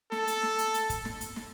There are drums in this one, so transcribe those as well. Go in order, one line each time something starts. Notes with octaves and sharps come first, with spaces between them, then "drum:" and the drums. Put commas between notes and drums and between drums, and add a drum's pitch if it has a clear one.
A4, drum: snare
drum: hi-hat
drum: snare
drum: hi-hat
drum: hi-hat
drum: kick, hi-hat
drum: snare
drum: hi-hat
drum: snare